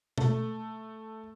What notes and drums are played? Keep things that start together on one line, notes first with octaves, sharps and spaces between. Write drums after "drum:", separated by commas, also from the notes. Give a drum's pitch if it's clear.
A3, drum: tom B2